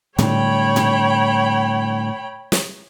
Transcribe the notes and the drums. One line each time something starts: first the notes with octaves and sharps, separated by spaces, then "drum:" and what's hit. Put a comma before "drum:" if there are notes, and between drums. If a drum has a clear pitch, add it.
A2 D3 G3 C#5 G5 B5, drum: tom A2
drum: tom A2
drum: snare